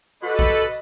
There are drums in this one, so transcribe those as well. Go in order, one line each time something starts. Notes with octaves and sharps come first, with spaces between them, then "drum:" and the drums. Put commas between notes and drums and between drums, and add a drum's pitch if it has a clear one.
F#4 G4 A4 B4 D#5 A5 B5
drum: kick